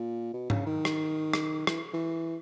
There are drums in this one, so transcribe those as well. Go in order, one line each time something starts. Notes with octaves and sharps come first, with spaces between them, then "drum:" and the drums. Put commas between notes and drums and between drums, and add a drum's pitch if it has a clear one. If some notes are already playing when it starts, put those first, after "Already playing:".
Already playing: A#2
B2
C#3, drum: tom G#2
D#3
drum: rim click
drum: rim click
E3, drum: rim click
E3